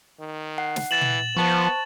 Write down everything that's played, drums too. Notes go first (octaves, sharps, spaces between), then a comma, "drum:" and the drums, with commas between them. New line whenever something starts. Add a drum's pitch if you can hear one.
D#3
F#5
drum: snare
E3 A6 E7 F#7
drum: tom
F3 B3 C5 A5 C#6